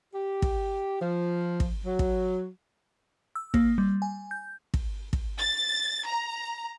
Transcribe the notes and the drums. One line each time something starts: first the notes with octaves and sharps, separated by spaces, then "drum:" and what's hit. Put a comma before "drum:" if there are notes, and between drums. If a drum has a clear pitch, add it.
G4
drum: kick
F3
drum: kick
F#3
drum: kick
E6
A#3, drum: kick
G3
G#5
G6
drum: kick
drum: kick
A6
A#5